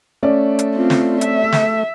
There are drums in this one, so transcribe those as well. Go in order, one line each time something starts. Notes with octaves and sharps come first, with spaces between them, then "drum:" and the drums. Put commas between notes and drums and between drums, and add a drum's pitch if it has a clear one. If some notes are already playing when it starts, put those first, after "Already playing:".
A3 C#4 D5
drum: hi-hat
C4 F4
drum: snare
E5, drum: hi-hat
drum: snare